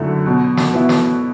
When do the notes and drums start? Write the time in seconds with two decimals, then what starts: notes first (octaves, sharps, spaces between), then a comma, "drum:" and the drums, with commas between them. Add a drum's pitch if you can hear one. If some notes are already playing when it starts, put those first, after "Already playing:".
Already playing: F#2 D3 A3 E4
0.26 B2
0.57 drum: snare
0.73 B3 E4
0.89 drum: snare